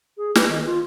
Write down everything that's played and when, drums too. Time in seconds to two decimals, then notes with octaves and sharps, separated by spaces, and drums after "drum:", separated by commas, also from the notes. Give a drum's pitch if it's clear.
0.17 G#4
0.35 B4, drum: snare
0.48 D#3
0.65 F4